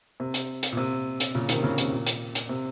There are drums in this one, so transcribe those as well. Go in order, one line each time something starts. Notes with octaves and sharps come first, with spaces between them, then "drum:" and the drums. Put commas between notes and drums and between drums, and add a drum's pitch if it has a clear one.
C3
drum: hi-hat
drum: hi-hat
A#2
C3
drum: hi-hat
A#2 C#3
C3 D#3, drum: hi-hat
A#2 C#3
C3, drum: hi-hat
A#2
drum: hi-hat
drum: hi-hat
C3